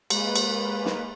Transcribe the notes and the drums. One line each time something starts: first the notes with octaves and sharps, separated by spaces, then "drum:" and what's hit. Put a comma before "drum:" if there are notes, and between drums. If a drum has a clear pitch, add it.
G#3 A#3 B4, drum: cymbal
drum: cymbal
drum: snare